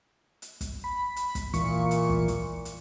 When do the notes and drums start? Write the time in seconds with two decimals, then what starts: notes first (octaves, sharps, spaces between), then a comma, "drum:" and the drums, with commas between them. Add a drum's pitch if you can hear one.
0.42 drum: hi-hat
0.61 drum: kick, hi-hat
0.84 B5
1.16 drum: hi-hat
1.35 drum: kick, hi-hat
1.54 A#2 E3 C#6, drum: kick, hi-hat
1.91 drum: hi-hat
2.09 drum: kick
2.28 drum: kick, hi-hat
2.65 drum: hi-hat